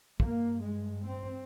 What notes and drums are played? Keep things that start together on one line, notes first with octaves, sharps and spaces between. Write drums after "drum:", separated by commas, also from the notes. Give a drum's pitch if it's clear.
G2 A#3, drum: kick
G#3
C4